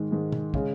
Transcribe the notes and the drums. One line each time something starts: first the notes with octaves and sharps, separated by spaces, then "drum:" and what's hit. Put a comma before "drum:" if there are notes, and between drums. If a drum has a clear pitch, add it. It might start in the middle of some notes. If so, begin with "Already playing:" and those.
Already playing: G#2 D#3 G#3
G#2 D#3 G#3
drum: tom
C#3 G#3, drum: kick